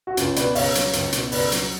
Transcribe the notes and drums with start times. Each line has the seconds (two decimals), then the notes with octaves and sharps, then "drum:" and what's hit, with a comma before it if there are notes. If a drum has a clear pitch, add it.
0.07 F#4
0.17 C#2 C#4 F4, drum: hi-hat
0.36 B2 B4 D5, drum: hi-hat
0.55 C#2 C#5 F5, drum: open hi-hat
0.75 F#3, drum: hi-hat
0.93 C#2, drum: hi-hat
1.12 B2, drum: hi-hat
1.32 C#2 B4 D5, drum: open hi-hat
1.52 F#3, drum: hi-hat